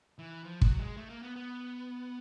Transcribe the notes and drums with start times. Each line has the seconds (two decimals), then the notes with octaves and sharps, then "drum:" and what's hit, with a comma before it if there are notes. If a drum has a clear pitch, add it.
0.19 E3
0.44 F3
0.62 F#3, drum: kick
0.79 G#3
0.97 A3
1.10 A#3
1.23 B3
1.36 B3